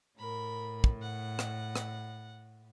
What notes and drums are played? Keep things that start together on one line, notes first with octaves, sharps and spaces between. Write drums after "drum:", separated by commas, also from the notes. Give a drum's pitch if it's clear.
A2 A#4 B5
drum: kick
F#5
drum: rim click
drum: rim click